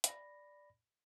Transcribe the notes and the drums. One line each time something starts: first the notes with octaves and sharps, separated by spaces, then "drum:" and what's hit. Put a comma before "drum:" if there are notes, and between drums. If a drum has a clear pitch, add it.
D5 B5 A#6, drum: hi-hat